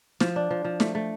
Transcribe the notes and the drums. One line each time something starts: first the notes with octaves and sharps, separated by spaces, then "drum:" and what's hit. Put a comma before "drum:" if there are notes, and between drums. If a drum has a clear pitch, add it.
F3, drum: snare
D4
F3
F3
A3, drum: snare
A3